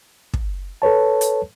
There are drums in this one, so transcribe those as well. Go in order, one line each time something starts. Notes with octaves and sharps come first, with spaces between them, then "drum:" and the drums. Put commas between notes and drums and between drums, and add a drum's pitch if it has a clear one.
drum: kick
A4 B4 C#5 A5
drum: hi-hat